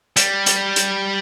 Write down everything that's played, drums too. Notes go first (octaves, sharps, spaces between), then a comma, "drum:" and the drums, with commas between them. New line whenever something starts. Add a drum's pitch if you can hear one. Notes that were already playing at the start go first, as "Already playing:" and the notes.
G3, drum: hi-hat
drum: hi-hat
drum: hi-hat